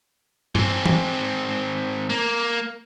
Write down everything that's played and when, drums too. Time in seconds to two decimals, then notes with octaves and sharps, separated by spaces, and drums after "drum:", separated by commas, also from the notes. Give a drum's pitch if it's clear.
0.55 G#2 C4, drum: tom G2
0.86 drum: tom E3
2.09 A#3